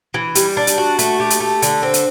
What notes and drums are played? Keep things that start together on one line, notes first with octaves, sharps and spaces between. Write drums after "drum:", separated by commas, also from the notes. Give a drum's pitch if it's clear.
E3
G3, drum: hi-hat
D4
drum: hi-hat
F#4
A3, drum: hi-hat
G4
drum: hi-hat
A3
D3, drum: hi-hat
C4
drum: hi-hat